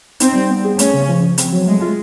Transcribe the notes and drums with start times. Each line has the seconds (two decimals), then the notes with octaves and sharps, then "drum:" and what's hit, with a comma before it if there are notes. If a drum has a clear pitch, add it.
0.20 C4 D#4, drum: hi-hat
0.35 G3
0.49 B3
0.64 G#4
0.79 A3 C#4, drum: hi-hat
0.94 C#3
1.08 F3
1.23 C#3
1.38 C4, drum: hi-hat
1.52 F#3
1.67 G#3 A3
1.81 F4